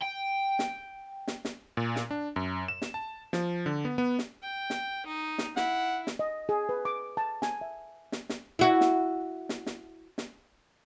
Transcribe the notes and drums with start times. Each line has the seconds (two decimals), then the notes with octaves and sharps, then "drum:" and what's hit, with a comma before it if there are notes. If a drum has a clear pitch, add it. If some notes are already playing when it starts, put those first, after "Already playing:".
0.02 G5
0.59 drum: snare
1.28 drum: snare
1.45 drum: snare
1.77 A#2
1.96 drum: snare
2.11 D4
2.36 F#2
2.68 E7
2.82 drum: snare
2.94 A5
3.33 F3, drum: snare
3.66 D3
3.85 B3
3.98 B3
4.19 drum: snare
4.43 G5
4.70 drum: snare
5.06 D#4
5.38 drum: snare
5.57 E4 F#5, drum: snare
6.07 drum: snare
6.19 D#5
6.49 G#4
6.69 B4
6.85 D6
7.17 A5
7.42 G#5, drum: snare
7.61 E5
8.12 drum: snare
8.29 drum: snare
8.59 E4 F#4
8.81 drum: snare
9.49 drum: snare
9.66 drum: snare
10.18 drum: snare